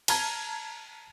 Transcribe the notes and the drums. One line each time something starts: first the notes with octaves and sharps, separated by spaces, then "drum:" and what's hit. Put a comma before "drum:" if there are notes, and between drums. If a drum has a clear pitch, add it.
A5 A#5 F6 G#6, drum: cymbal